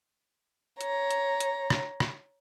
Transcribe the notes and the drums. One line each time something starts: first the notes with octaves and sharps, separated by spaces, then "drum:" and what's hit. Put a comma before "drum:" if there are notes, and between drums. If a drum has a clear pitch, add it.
C#5 A#5, drum: hi-hat
drum: hi-hat
drum: hi-hat
drum: rim click
drum: rim click